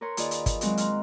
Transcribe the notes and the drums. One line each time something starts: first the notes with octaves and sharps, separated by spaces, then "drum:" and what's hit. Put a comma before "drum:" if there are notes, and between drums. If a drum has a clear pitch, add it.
A#4 B4 C#5 A#5 C6
D#2 F4 G#4 D5 D#5, drum: hi-hat
drum: hi-hat
drum: kick, hi-hat
F#3 G#3 C4 D#4 F#4, drum: hi-hat
F#5 A#5 C6 F6, drum: hi-hat